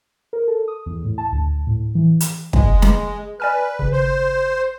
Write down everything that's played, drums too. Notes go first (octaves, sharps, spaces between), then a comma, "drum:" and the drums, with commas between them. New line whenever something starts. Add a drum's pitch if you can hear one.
A#4
A4
D#6
E2
A2
A5
D2
A2
E3
drum: hi-hat
G#3, drum: kick
drum: snare
B4 D5 G#5 F6
G#1 C#3
C5